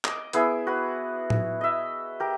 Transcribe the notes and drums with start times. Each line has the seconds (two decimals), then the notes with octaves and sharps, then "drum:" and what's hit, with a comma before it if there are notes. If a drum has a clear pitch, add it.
0.05 D#5 D6, drum: clap
0.33 B3 E4 G#4 E5, drum: hi-hat
0.67 F#4 B4
1.30 drum: tom A2
1.61 D#5 E5
2.20 G4 A#4